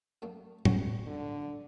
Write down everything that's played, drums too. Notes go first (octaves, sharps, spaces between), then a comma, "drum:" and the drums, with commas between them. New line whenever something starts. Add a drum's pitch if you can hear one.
F#2 A3 A#3
F#3 C#4 F#4, drum: tom
D3